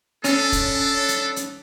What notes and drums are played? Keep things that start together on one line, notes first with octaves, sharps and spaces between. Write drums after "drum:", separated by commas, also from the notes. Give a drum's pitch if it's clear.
B3 C#4 D4 A4, drum: hi-hat
drum: kick, hi-hat
drum: hi-hat
drum: hi-hat